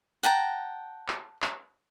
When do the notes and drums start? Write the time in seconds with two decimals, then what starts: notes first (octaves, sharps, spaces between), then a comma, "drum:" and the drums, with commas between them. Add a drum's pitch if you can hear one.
0.23 F#5 G5 A5 A#5
1.08 drum: clap
1.42 drum: clap